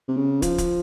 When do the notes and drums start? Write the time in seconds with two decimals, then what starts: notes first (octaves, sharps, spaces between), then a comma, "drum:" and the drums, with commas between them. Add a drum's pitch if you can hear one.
0.08 C3
0.17 C#3
0.42 F3, drum: kick, hi-hat
0.58 drum: kick, hi-hat